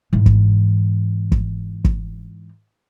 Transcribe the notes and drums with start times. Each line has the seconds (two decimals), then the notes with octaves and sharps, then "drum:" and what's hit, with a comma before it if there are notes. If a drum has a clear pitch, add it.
0.13 G#2 E3
0.26 drum: kick
1.32 drum: kick
1.84 drum: kick